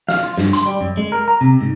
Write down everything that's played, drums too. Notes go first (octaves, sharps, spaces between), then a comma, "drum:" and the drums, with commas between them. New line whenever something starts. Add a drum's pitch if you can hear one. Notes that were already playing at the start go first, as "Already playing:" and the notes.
F5, drum: snare
F4
G2, drum: snare
C6, drum: hi-hat
G3
F#2
G#3
A#4
A#5
C3
G#2